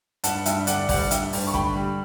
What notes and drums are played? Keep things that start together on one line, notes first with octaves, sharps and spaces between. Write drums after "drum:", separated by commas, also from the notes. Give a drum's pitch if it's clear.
G2 F#5 A5, drum: hi-hat
G2 E5 G5, drum: hi-hat
D3 D5 F#5, drum: hi-hat
G3 D5 F#5, drum: kick A1, open hi-hat
G2 E5 G5, drum: hi-hat
G2, drum: open hi-hat
C#6
D3 G5 B5, drum: kick A1
G3